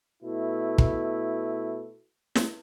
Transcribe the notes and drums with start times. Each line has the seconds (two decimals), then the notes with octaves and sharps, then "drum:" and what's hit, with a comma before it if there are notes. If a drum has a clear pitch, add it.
0.23 B2 A3 E4
0.78 drum: kick
2.35 drum: snare